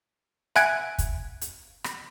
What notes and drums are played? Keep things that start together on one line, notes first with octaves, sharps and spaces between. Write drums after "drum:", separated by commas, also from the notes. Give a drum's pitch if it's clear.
E5 F#5 G#5 F#6 G#6 D7, drum: rim click
drum: kick, hi-hat
drum: hi-hat
drum: rim click